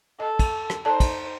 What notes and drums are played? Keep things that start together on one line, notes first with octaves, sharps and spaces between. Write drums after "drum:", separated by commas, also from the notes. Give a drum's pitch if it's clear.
A4 D#5
drum: kick, cymbal
drum: rim click
D#4 A4 C5 D5 A5
drum: kick, cymbal